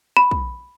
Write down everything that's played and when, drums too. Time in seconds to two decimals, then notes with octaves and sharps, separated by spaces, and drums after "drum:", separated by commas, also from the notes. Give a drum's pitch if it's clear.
0.17 B5
0.31 drum: kick